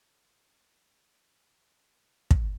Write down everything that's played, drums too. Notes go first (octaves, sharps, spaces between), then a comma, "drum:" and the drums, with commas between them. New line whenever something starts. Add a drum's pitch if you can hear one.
E4
A#4 F#5
drum: kick